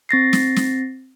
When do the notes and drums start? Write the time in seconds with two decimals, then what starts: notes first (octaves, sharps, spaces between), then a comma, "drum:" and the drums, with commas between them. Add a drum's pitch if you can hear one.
0.09 C4 A6 A#6 C7
0.33 drum: snare
0.56 drum: snare